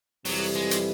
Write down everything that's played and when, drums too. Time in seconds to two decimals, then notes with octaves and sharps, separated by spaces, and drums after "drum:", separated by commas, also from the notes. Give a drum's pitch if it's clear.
0.25 F2 C3 E3 F#3 G3, drum: open hi-hat
0.56 G#3
0.71 drum: hi-hat